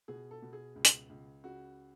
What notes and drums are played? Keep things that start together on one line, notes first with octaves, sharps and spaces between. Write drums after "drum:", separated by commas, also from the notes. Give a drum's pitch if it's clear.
B2 G#4
A4
B2
G#4
C#2
drum: hi-hat
C#2
C#3 F#4